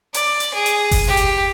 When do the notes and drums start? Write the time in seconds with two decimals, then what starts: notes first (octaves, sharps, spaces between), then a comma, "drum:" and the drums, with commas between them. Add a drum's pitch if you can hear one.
0.14 D5, drum: hi-hat
0.40 drum: hi-hat
0.54 G#4
0.66 drum: hi-hat
0.91 drum: kick F#1, open hi-hat
1.08 G4
1.17 drum: hi-hat